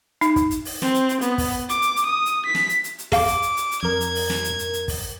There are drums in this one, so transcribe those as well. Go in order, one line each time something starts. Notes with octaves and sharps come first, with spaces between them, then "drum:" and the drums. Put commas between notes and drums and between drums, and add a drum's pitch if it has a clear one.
D#4, drum: hi-hat
drum: kick, hi-hat
drum: hi-hat
drum: open hi-hat
C4, drum: snare
drum: hi-hat
drum: hi-hat
B3, drum: hi-hat
drum: kick, open hi-hat
D6, drum: hi-hat
drum: hi-hat
drum: hi-hat
D#6
drum: hi-hat
B6
drum: snare
drum: hi-hat
drum: hi-hat
drum: hi-hat
A4 F5 G5 D6, drum: kick, open hi-hat
drum: hi-hat
drum: hi-hat
drum: hi-hat
drum: hi-hat
F2 A#4 G#6
drum: hi-hat
drum: open hi-hat
drum: snare
drum: hi-hat
drum: hi-hat
drum: hi-hat
drum: kick, open hi-hat